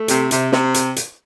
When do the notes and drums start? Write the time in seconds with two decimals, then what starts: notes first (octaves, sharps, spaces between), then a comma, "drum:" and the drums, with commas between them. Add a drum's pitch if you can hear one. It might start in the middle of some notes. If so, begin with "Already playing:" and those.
Already playing: A3
0.08 C3, drum: hi-hat
0.31 C3, drum: hi-hat
0.52 C3, drum: snare
0.74 drum: hi-hat
0.96 drum: hi-hat